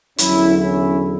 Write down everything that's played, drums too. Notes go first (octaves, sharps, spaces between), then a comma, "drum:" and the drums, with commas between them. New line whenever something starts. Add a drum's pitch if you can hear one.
E2 D3 F#3 C#4 E4, drum: hi-hat
C#4 E4